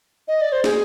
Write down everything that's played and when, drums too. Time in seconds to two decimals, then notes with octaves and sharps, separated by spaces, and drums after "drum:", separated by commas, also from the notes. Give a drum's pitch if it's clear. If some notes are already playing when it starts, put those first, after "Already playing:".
0.28 D#5
0.41 D5
0.52 C5
0.64 G#4, drum: snare